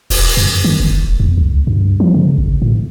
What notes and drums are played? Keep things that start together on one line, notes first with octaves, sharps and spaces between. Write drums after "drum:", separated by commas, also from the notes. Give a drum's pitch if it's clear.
E1, drum: open hi-hat
F#2
D#3
F1
D1
E2
C#2
G2
F3
C#3
A1
A2